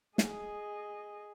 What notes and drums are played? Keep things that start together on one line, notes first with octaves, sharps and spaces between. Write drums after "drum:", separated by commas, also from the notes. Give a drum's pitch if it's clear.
G#4 D#5, drum: snare